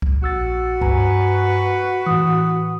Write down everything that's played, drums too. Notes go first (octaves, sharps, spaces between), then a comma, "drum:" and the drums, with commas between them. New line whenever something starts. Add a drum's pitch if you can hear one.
drum: kick C#2
A#1 F#4 E6 A6
G2 B4 G#5 A#5, drum: kick C#2
A2 E3 D#6